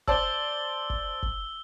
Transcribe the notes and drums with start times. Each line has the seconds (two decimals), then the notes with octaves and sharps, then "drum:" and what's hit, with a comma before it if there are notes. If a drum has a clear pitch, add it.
0.08 C5 D5 A5 E6 G7, drum: kick
0.90 drum: kick
1.23 drum: kick